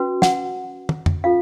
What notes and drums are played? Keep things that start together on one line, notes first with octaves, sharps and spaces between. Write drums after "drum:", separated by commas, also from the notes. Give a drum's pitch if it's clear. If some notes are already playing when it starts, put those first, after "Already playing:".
Already playing: C#4 F#4 B4
F#5, drum: snare
drum: tom
drum: tom F2
C#4 F4 A4 F5